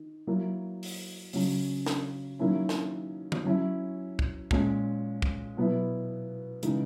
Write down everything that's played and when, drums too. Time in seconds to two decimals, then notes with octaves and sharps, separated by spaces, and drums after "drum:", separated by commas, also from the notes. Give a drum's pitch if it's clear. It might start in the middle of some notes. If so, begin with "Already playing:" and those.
Already playing: D#3
0.27 F#3 A#3 E4
0.83 drum: open hi-hat
1.33 C#3 F#3 C#4, drum: open hi-hat
1.86 drum: snare
2.39 D#3 F#3 A#3 C#4 E4
2.69 drum: snare
3.32 drum: tom D3
3.45 F#3 C#4 E4
4.19 drum: kick
4.51 A#2 G#3 C#4, drum: kick
5.22 drum: kick
5.57 B2 F#3 B3 E4
6.63 C#3 E3 G#3 D#4, drum: hi-hat